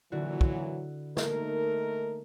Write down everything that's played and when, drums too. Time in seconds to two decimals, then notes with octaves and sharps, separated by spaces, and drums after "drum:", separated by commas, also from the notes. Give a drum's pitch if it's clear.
0.12 A#2 D3 E3 F#3 E4 F#4
0.41 drum: kick
1.17 A3 A#3 D#4 A#4, drum: snare